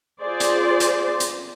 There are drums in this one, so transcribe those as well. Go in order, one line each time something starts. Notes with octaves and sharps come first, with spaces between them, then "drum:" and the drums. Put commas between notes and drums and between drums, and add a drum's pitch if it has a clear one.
F4 G#4 C5 D5
drum: hi-hat
drum: hi-hat
drum: hi-hat